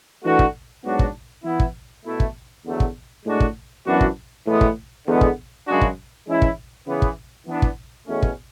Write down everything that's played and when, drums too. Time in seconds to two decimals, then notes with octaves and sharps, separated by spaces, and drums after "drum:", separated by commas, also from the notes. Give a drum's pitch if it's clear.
0.23 E3 A3 D4 F#4
0.39 drum: kick
0.84 G#2 F#3 B3 D4 F#4
0.99 drum: kick
1.44 E3 B3 E4
1.60 drum: kick
2.05 B2 A3 E4
2.20 drum: kick
2.65 E2 D3 F#3 A3
2.80 drum: kick
3.25 A2 G#3 D4 F#4
3.40 drum: kick
3.85 F#2 E3 B3 D4 F#4
4.01 drum: kick
4.46 A2 E3 G#3 B3
4.61 drum: kick
5.06 E2 D3 G#3 B3
5.21 drum: kick
5.67 F#2 C#3 G#3 D4 F#4
5.81 drum: kick
6.27 E3 G#3 C#4 E4
6.42 drum: kick
6.86 C#3 E3 B3
7.02 drum: kick
7.47 E3 B3 D4
7.62 drum: kick
8.08 E2 B2 A3 C#4
8.22 drum: kick